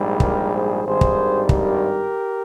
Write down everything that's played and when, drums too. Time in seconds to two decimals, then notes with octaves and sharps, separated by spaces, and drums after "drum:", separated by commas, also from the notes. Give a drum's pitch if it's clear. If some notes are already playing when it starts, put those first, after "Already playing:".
Already playing: A#1 G#2 G3
0.20 G4 A#4, drum: kick
0.52 G#4 C5
0.85 G#1 G2 D#3 G3 G#4 C5
1.01 drum: kick
1.49 G4 A#4, drum: kick